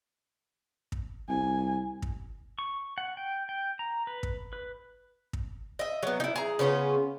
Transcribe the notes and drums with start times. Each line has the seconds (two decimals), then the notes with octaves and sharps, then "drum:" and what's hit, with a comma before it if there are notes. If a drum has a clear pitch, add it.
0.92 drum: kick
1.29 C2 G#5
2.02 drum: kick
2.59 C#6
2.98 F#5
3.17 G5
3.49 G5
3.79 A#5
4.07 B4
4.23 drum: kick
4.53 B4
5.33 drum: kick
5.79 D#5 E5
6.03 F#3 B3
6.20 D#4 E4
6.36 G#4 A#5
6.59 C#3 B3 C#4 F4